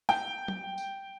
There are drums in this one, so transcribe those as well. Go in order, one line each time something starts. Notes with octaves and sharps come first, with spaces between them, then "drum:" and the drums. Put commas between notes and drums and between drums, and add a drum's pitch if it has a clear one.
G5, drum: snare
drum: tom
drum: tambourine